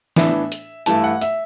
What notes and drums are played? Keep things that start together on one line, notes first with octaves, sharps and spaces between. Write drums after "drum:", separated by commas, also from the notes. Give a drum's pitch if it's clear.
A2 E3 B3 D4 E5, drum: snare
drum: hi-hat
G2 E3 A3 E4 A5, drum: hi-hat
F#5
E5, drum: hi-hat